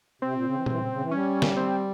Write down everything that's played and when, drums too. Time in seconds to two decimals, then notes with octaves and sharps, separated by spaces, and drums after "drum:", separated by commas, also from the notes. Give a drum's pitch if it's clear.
0.22 C3 C4
0.33 A#2
0.44 C#3
0.55 E3
0.66 E3, drum: tom A#2
0.78 C#3
0.90 C#3
1.00 E3
1.11 G3 C#4
1.42 drum: snare
1.57 C4